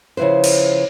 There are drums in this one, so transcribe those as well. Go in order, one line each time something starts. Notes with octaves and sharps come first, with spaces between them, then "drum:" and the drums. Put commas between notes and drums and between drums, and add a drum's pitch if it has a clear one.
C#3 F3 E4 B4 C5
drum: cymbal